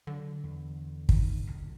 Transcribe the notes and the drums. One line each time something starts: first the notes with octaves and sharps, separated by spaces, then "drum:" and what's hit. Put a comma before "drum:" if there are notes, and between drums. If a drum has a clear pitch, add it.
D3 F#3
E2
D#3, drum: kick
B1 A#2 C#3